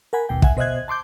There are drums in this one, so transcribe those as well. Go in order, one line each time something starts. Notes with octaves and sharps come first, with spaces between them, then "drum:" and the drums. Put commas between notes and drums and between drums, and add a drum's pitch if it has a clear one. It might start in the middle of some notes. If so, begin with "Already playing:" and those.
A#4 F#5 G#5 B5
G#1 D#2 B2 G5
E5 F#5 G#5, drum: kick
B2 C5 D#5 E5 F#6 G#6
A5 C6 D6 G6